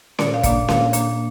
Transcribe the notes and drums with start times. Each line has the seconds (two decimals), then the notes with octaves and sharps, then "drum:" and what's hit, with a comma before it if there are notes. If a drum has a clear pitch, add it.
0.19 A#2 D5, drum: snare C#4
0.34 F5
0.43 A#3 D4 D5, drum: kick, hi-hat
0.69 A#2 F5, drum: snare C#4
0.93 A#3 D4, drum: hi-hat